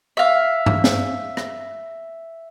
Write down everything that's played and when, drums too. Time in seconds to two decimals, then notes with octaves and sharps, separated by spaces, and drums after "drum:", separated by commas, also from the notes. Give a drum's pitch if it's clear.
0.17 E5 F5
0.66 drum: tom G2
0.84 drum: snare
1.37 drum: rim click